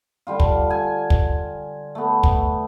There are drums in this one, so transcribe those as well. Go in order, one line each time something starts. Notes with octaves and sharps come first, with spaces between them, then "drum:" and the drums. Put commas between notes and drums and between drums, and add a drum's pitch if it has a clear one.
D3 G3 F4
drum: kick
G#5
drum: kick
A3 B3
drum: kick